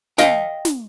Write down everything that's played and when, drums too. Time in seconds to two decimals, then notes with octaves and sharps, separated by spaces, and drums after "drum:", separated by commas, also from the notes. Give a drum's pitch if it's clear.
0.18 D#5 F5 G5, drum: snare
0.65 drum: snare